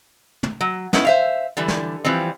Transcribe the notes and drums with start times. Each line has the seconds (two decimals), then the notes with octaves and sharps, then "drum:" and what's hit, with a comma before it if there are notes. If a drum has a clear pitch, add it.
0.43 drum: tom
0.61 F#3
0.93 G#3 B3 C#4 E4, drum: snare
1.05 C5 E5 F5
1.57 D3 E3 G3
1.68 drum: snare
2.05 E3 F3 G3 C4